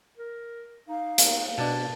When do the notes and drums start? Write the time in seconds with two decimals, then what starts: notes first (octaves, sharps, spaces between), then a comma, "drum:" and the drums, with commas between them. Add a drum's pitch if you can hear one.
0.17 A#4
0.88 D#4 F5
1.18 drum: hi-hat
1.58 B2 D4 A5